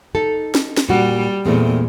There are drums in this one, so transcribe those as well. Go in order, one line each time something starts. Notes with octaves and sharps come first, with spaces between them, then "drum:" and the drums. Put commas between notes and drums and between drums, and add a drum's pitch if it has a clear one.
D#4 A4
drum: snare
drum: snare
A#2 G3 F#4
E2 A#2 G#3 A3 C4